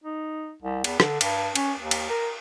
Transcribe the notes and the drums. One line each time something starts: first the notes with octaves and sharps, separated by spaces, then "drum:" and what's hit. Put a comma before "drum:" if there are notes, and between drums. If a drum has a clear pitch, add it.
D#4
C2
E2, drum: cymbal
D3, drum: rim click
G2, drum: cymbal
C#4, drum: cymbal
D#2
drum: cymbal
A#4